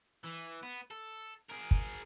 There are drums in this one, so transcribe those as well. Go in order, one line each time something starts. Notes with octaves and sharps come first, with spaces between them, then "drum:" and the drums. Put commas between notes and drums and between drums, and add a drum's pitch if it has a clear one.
E3
B3
A4
G#4 A#4
drum: kick